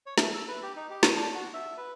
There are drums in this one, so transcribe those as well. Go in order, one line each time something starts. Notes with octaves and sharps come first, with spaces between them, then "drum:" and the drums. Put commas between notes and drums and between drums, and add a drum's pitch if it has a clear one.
C#5
A3, drum: snare
E6
B4
G4
D#4
G4
C#5, drum: snare
D4
F#4
E5
B4